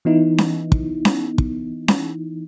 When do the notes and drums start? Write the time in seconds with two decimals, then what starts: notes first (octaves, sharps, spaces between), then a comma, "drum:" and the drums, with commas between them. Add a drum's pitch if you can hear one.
0.05 E3 B3 D#4 E4
0.38 drum: snare C#4
0.72 drum: kick
1.05 drum: snare C#4
1.38 drum: kick
1.88 drum: snare C#4